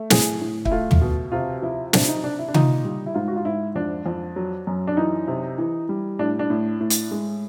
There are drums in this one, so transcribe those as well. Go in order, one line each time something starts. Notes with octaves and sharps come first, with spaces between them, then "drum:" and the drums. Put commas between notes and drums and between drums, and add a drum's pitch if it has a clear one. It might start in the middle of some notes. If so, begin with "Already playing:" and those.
Already playing: A3
A2 G#4, drum: snare
A2
E4, drum: kick
A3 F4
drum: tom
B2
C3 F4
F3 E4
C3 D4, drum: snare
E4
D#4
C3 D4
E4
D4
A#2 D#4, drum: tom C3
G3
E4
G#2 F4
F#4
F4
G#2 E4
F2 D4
F2
F#3
F#2
D4
E3 D#4
C3
E3
G3
A2 D4
D4
A2
A2
drum: hi-hat
G#3